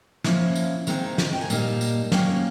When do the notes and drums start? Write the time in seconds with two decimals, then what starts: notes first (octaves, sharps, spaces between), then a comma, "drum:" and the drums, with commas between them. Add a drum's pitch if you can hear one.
0.24 F3 A#3 C#4 E4, drum: snare
0.56 drum: tambourine
0.87 D#3 G#3 C4 D#4 A#5, drum: tambourine
1.18 drum: snare
1.33 G5
1.41 G#5
1.50 A#2 G3 A#3 D#4 A5, drum: tambourine
1.81 drum: tambourine
2.12 F#3 A#3 C#4 G5, drum: snare